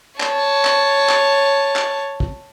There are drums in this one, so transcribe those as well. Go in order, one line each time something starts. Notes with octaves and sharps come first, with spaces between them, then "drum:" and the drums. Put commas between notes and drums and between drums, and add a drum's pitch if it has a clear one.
C#5 A5, drum: clap
drum: clap
drum: clap
drum: clap
drum: kick